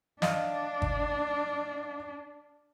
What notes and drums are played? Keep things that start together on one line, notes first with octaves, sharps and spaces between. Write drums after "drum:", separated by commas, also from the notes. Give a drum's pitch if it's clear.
D4 D#5 F5, drum: snare
drum: kick